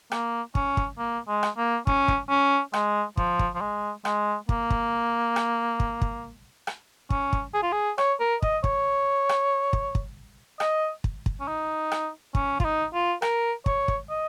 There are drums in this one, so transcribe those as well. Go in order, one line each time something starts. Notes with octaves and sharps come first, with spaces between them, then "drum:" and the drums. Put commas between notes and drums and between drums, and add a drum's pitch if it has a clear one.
A#3, drum: rim click
C#4, drum: kick
drum: kick
A#3
G#3
drum: rim click
A#3
C#4, drum: kick
drum: kick
C#4
G#3, drum: rim click
F3, drum: kick
drum: kick
F3
G#3
G#3, drum: rim click
A#3, drum: kick
drum: kick
drum: rim click
drum: kick
drum: kick
drum: rim click
C#4, drum: kick
drum: kick
G#4
F4
G#4
C#5, drum: rim click
A#4
D#5, drum: kick
C#5, drum: kick
drum: rim click
drum: kick
drum: kick
D#5, drum: rim click
drum: kick
drum: kick
C#4
D#4
drum: rim click
C#4, drum: kick
F4, drum: kick
D#4
F4
A#4, drum: rim click
C#5, drum: kick
drum: kick
D#5